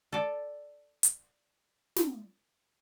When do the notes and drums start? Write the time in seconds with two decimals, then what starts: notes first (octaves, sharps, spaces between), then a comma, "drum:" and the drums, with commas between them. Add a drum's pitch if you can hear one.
0.12 A4 D5
1.03 drum: hi-hat
1.96 drum: snare